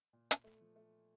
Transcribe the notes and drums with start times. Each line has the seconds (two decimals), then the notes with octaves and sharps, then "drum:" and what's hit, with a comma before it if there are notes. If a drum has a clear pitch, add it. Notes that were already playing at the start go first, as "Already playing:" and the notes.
0.13 A#2
0.31 drum: hi-hat
0.44 A3
0.61 F3
0.76 A3